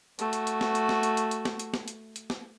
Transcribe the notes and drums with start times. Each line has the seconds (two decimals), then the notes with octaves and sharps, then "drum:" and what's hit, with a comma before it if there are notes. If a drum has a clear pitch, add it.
0.19 A3 F#4, drum: hi-hat
0.33 drum: hi-hat
0.47 drum: hi-hat
0.61 drum: snare
0.75 drum: hi-hat
0.89 drum: snare
1.03 drum: hi-hat
1.17 drum: hi-hat
1.31 drum: hi-hat
1.45 drum: snare
1.59 drum: hi-hat
1.74 drum: snare
1.88 drum: hi-hat
2.16 drum: hi-hat
2.30 drum: snare